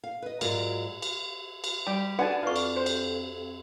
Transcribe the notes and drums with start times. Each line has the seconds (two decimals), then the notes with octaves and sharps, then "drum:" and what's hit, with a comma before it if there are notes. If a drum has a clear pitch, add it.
0.04 F5
0.22 B4 D#5
0.41 G#2 F#3 F4 A#4 D5, drum: cymbal
1.02 drum: cymbal
1.64 drum: cymbal
1.87 G3 G5
2.19 D4 F#4 A4 B4 F#5 G#5 A5
2.43 F2 F4 B4 D5 F5 C#6
2.56 drum: cymbal
2.76 C5
2.86 drum: cymbal
3.31 F2